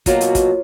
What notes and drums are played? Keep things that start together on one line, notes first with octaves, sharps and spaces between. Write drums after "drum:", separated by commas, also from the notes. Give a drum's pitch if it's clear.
B2 F#3 A#3 F4, drum: kick, hi-hat
drum: hi-hat
drum: kick, hi-hat